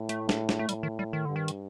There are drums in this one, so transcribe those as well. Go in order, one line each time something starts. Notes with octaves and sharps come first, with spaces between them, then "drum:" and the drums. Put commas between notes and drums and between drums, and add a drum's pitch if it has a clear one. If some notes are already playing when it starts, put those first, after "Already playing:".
Already playing: A2
A3, drum: hi-hat
drum: snare
drum: snare
A3
A2 G3, drum: hi-hat
D#3
G3
D#3
G2 D3
D#3
drum: hi-hat